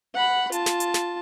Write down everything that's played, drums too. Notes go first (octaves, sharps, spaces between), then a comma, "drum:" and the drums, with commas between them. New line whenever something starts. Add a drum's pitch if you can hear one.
F#5 B5
F4 A5, drum: hi-hat
drum: snare
drum: hi-hat
drum: snare